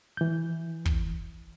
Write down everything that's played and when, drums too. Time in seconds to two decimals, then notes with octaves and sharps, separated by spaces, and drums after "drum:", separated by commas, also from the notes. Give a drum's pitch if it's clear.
0.17 E3 G6
0.85 drum: kick